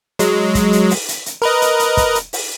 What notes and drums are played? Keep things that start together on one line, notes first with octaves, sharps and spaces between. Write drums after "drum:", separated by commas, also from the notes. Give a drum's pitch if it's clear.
F#3 G#3, drum: hi-hat
drum: kick, hi-hat
drum: hi-hat
drum: open hi-hat
drum: hi-hat
drum: hi-hat
A#4 B4 D#5
drum: hi-hat
drum: hi-hat
drum: kick, hi-hat
drum: hi-hat
drum: open hi-hat